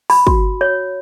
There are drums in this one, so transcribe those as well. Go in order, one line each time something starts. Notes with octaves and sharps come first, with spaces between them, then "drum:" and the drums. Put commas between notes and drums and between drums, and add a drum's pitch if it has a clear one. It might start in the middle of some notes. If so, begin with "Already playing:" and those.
B5, drum: open hi-hat
F#4, drum: kick
C#5